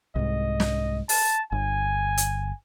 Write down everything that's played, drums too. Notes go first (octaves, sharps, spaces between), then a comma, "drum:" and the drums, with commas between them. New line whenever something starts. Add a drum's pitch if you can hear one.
C2 G#2 D#5
drum: snare
A5, drum: open hi-hat
G1 G#5
drum: hi-hat